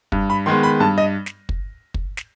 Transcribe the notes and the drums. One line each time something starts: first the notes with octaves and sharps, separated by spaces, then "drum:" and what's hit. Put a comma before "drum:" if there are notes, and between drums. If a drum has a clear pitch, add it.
G2, drum: kick
B5
D#3 G#3 B3 C6
B5
G2 A5
D#5
drum: snare
drum: kick
drum: kick
drum: snare